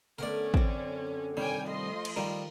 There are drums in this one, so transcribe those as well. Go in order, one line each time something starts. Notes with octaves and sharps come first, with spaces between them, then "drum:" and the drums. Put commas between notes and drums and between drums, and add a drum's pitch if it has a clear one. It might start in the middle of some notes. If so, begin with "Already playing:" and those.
D3 A3 B3 C#4 A#4 D5
F#2 D3 C4, drum: kick
G2 C3 D#3 G3 C#5 G5 G#5
F3 A3 D#5 C6
drum: cymbal
D#3 G3 F4 A#4